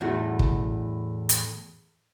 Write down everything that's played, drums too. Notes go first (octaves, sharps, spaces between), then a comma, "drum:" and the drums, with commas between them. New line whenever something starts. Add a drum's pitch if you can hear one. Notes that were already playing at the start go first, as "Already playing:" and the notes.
E2 A2 A3 F#4
drum: kick
drum: hi-hat